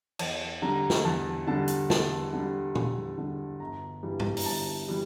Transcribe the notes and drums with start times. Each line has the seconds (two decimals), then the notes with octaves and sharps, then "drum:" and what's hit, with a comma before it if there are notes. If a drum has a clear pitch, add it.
0.19 E2 A5, drum: cymbal
0.62 D3 G3 A#5
0.90 drum: snare
1.05 E2 A5
1.47 D3 G3 A5
1.68 drum: hi-hat
1.90 E2 A5, drum: snare
2.33 D3 G3
2.75 E2, drum: tom A#2
3.18 D3 G3
3.60 G1 A#5
4.03 G2 E3 G3
4.20 drum: tom G#2
4.37 A#5, drum: open hi-hat
4.46 G1 A5
4.88 E3 G3